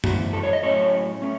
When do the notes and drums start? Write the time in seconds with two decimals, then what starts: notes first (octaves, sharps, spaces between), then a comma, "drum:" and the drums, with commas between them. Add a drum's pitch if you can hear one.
0.04 G#2 E3 F#4, drum: tom F#2
0.33 A4
0.43 C#5
0.53 D#5
0.63 A2 F#3 A3 C#4 C#5
1.22 A3 C#4